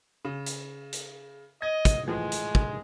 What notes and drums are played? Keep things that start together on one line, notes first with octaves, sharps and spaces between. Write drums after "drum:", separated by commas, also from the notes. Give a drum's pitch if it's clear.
C#3
drum: hi-hat
drum: hi-hat
D#5 G#6
drum: kick, hi-hat
A2 E3 F3 G#3
drum: hi-hat
drum: kick